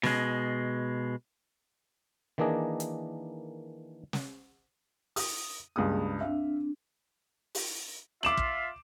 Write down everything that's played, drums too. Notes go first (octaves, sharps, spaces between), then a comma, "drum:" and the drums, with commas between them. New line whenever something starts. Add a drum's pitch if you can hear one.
B2 G#3, drum: snare
D#3 E3 A#3 D4 G#4 D#5
drum: hi-hat
drum: snare
D#6, drum: open hi-hat
C#2 G2 A#3 G#4 D#6
C4 D4 E5 F5
drum: open hi-hat
F4 E5 D6 E7 F#7, drum: rim click
drum: kick